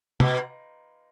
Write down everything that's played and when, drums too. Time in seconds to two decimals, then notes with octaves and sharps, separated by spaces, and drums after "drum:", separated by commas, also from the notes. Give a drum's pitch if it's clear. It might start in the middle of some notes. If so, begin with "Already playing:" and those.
0.20 B2, drum: tom